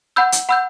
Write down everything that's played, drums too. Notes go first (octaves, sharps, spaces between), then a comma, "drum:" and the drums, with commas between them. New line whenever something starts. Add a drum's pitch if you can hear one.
F#5 B5 E6 G6
drum: hi-hat
F#5 B5 E6 G6